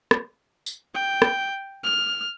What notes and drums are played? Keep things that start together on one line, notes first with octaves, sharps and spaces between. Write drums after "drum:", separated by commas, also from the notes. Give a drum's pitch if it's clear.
drum: rim click
drum: tambourine
G5
drum: rim click
F6